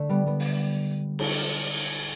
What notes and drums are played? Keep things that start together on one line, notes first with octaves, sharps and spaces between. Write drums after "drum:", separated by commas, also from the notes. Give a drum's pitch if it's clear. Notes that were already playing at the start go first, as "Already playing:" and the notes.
Already playing: D3 A3
G3 B3
G3 B3
drum: open hi-hat
drum: cymbal